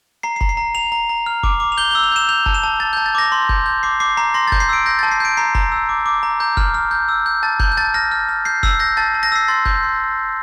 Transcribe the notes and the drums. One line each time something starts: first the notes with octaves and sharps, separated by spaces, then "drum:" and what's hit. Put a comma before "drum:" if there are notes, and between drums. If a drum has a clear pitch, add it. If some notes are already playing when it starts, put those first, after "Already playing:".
A#5 C7
C7
A#5, drum: kick F1
C7
A#5
A#5 F7
A#5
A#5
F6
D6, drum: kick F1
D6
F7
G6 G7
G7
E6
F7
G6 E7
G6 F7
A5, drum: kick F1
E7
A5
A5 A6
G6
A5
A6
D6 A#6
C6
G6, drum: kick F1
G6
D6 C7
D6 C7
A#5 C7
C6 A#6
A6
G6, drum: kick F1
C7
E6 D7
G6 A#6
A6
A5
C7
G6 D7
A#5 C7
A#5, drum: kick F1
E6
D6
D6
A#5
A#5 G6
F6, drum: kick F1
F6
G6
E6
G6
A5 A6
A5 G6, drum: kick F1
G6
A5 A6
F6 A#6
F6
F6
G6 C7
E6 C7, drum: kick F1
G6 A#6
A5 A6
A5
A#6
E6 C7
C6 A6
G6, drum: kick F1
C6